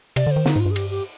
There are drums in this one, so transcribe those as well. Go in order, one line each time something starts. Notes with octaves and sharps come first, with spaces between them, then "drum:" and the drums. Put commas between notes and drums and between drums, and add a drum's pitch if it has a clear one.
C3 D5, drum: cymbal
D3 C5
D#3
D3 D#4, drum: snare
G#2 F4
G2
G#4
G4, drum: cymbal
G4